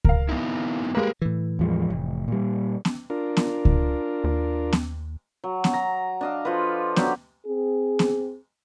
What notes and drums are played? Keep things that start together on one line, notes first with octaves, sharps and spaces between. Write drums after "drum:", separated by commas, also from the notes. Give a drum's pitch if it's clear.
A#4 F5, drum: kick C#2
B3 D#4 E4
G3 G#3 A#3 A#4 B4
A2 E3
E2 F3 G#3
F1
A#2 G3
drum: snare
D4 F4 A#4
drum: snare
drum: kick C#2
D#2
drum: snare
F#3
drum: snare
A#5
D4 D#5 F5
F3 F4 A4 B4
F#3 D4 G4, drum: snare
C4 G#4
drum: snare